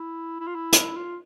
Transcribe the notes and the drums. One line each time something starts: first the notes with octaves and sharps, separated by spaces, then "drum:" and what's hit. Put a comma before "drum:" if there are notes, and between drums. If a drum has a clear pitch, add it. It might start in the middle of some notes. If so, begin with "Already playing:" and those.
Already playing: E4
E4
F4
E4
drum: hi-hat
F4